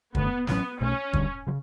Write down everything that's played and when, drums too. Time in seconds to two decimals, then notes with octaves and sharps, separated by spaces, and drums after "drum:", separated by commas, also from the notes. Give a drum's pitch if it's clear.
0.15 F#2 D3 A3 B3, drum: kick
0.47 A1 A2 F#3 B3 C#4, drum: snare
0.81 B1 B2 A3 C#4
1.13 D2 D3 G3, drum: kick
1.47 C#3 F#3